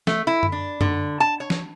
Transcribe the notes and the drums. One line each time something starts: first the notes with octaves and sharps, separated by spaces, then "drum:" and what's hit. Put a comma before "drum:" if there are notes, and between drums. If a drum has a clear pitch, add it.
A3, drum: snare
E4
drum: tom F#2
D4
D3, drum: tom F#2
A5
C#5
drum: snare